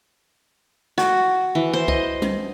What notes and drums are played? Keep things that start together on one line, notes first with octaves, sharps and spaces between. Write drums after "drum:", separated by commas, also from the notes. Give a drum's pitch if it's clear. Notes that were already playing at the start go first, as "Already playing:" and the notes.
F#4, drum: snare
E3
C5
D#5, drum: kick C#2
drum: tom G3